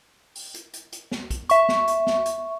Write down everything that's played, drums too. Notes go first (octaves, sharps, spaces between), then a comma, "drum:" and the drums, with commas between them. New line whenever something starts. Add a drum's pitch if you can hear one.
drum: open hi-hat
drum: hi-hat
drum: hi-hat
drum: hi-hat
drum: snare
drum: kick, hi-hat
E5 C#6, drum: hi-hat
drum: snare
drum: hi-hat
drum: snare
drum: hi-hat